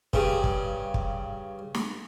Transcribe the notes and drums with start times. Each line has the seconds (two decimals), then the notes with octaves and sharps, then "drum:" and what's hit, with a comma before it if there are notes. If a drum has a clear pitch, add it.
0.13 G2 C#3, drum: kick
0.44 drum: kick
0.94 drum: kick
1.74 drum: snare